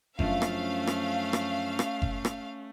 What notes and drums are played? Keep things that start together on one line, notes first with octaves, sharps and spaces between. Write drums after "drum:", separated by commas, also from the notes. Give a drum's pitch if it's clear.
F#2 F3 A3 C#4 D4 F5, drum: kick F#1
drum: rim click
drum: rim click
drum: rim click
drum: rim click
drum: kick F#1
drum: rim click